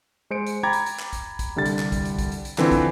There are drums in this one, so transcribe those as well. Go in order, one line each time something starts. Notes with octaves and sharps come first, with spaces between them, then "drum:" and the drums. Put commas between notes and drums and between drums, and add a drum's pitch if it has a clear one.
G#3 C5 C#7 D7
drum: hi-hat
G5 A#5 B5 D6 G#6 A6
drum: hi-hat
drum: hi-hat
drum: clap
drum: kick, hi-hat
drum: kick, hi-hat
C2 D3 G3 A6
drum: hi-hat
drum: clap
drum: kick, hi-hat
drum: hi-hat
drum: kick, hi-hat
drum: hi-hat
drum: hi-hat
D3 E3 F3 C4, drum: clap
drum: kick, hi-hat